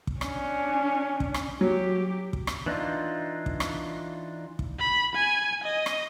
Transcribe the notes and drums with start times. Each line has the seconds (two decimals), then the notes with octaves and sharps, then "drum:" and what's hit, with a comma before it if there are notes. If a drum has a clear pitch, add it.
0.07 drum: kick
0.21 C#4 D4, drum: rim click
1.20 drum: kick
1.34 drum: rim click
1.61 F#3 G4
2.33 drum: kick
2.47 drum: rim click
2.66 E3 D4 D#4 F4
3.46 drum: kick
3.60 drum: rim click
4.59 drum: kick
4.79 B5
5.15 G#5
5.64 D#5
5.86 drum: rim click